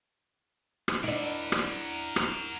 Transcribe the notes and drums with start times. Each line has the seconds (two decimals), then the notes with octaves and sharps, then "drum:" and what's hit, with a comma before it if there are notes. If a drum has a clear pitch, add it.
0.88 drum: rim click
1.04 D4 E4 A#4 F#5
1.52 drum: rim click
2.16 drum: rim click